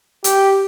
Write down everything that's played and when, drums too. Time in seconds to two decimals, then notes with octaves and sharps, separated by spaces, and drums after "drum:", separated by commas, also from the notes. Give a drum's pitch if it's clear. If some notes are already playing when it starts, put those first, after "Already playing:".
0.24 G4, drum: hi-hat